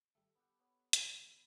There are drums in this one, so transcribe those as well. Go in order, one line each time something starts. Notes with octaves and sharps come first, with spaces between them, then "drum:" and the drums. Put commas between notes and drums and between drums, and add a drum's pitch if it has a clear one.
G3 A3 A4
B3 G4 F#5
B3 C#5
drum: hi-hat
C#3 F#3 B3 C#4